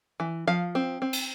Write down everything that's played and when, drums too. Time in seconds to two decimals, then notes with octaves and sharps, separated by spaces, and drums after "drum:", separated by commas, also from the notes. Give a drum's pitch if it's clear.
0.20 E3
0.47 F3 F5
0.75 C4
1.02 C4
1.13 drum: cymbal